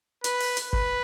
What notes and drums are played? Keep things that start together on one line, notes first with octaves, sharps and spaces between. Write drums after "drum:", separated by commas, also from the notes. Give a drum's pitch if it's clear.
B4, drum: hi-hat
drum: open hi-hat
drum: hi-hat
B4, drum: kick G1